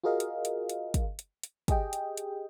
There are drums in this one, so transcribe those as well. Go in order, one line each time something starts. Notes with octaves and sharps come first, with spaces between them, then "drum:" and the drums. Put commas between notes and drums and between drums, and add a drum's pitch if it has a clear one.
F4 F#4 G#4 A#4 D#5 F5
drum: hi-hat
drum: hi-hat
drum: hi-hat
drum: kick, hi-hat
drum: hi-hat
drum: hi-hat
G4 G#4 D#5 G5, drum: kick, hi-hat
drum: hi-hat
drum: hi-hat